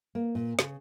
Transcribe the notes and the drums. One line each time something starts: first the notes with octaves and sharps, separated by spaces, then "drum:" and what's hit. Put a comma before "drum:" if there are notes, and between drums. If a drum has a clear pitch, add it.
A#3
A#2
C#3, drum: snare